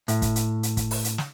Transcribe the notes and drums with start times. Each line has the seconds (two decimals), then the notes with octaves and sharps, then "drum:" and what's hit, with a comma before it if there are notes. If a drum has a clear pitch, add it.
0.08 A2, drum: hi-hat
0.22 drum: kick, hi-hat
0.36 drum: hi-hat
0.63 drum: hi-hat
0.77 drum: kick, hi-hat
0.91 drum: open hi-hat
1.04 drum: hi-hat
1.18 drum: snare